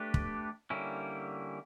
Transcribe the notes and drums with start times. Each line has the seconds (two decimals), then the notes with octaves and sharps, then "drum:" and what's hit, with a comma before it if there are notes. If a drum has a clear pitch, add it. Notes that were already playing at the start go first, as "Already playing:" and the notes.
Already playing: A3 D4 G4 B4
0.14 drum: kick
0.70 D3 G3 A#3 C#4 E4